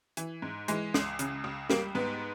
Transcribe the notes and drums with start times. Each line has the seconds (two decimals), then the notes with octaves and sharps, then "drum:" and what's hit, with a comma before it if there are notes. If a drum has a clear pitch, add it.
0.17 E3, drum: hi-hat
0.42 G#2
0.68 E3 G#3, drum: hi-hat
0.94 C#2, drum: snare
1.19 C#3, drum: hi-hat
1.44 C#2
1.70 G3 A#3, drum: snare
1.95 G#2 B3